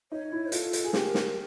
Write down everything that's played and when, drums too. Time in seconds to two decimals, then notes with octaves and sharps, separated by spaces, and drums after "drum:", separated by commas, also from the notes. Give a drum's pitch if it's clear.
0.12 D#4 C#5
0.32 E4
0.52 F4 A4, drum: hi-hat
0.73 drum: hi-hat
0.85 G#4
0.93 G4 A#4, drum: snare
1.14 drum: snare